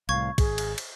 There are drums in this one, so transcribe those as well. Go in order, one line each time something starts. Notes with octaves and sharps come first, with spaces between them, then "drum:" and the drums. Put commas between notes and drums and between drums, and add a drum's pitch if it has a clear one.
C2 A2 F5 C#6 G#6
G#1 G#4, drum: kick B1, cymbal
drum: cymbal
drum: cymbal